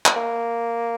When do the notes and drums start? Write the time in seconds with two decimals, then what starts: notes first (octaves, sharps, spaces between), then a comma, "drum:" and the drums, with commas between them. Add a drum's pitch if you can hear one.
0.06 drum: clap
0.16 A#3